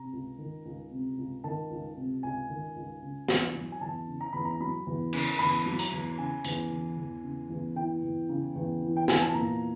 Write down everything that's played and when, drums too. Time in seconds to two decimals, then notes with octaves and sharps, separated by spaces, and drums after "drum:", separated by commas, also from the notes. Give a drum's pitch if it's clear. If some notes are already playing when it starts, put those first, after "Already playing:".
Already playing: C3 A#5
0.13 C#2
0.38 D#3
0.65 C#2
0.91 C3
1.18 C#2
1.44 D#3 A5
1.71 C#2
1.97 C3
2.23 C#2 G#5
2.49 D#3
2.76 C#2
3.02 C#3
3.29 E2, drum: snare
3.55 F#3
3.72 G#5
3.81 E2 A5
4.07 C#3
4.21 A#5
4.33 E2 B5
4.45 A#5
4.60 F#3 B5
4.87 E2
5.13 C#3, drum: cymbal
5.39 E2 B5
5.66 F#3
5.79 A#5, drum: hi-hat
5.92 E2
6.18 C#3 G#5
6.44 E2, drum: hi-hat
6.71 E3
6.97 E2
7.23 C#3
7.50 E2
7.76 E3 G5
8.03 E2
8.29 C#3
8.56 E2
8.82 E3
8.96 G5
9.08 E2 G#5, drum: snare
9.22 A5
9.34 A#2 A#5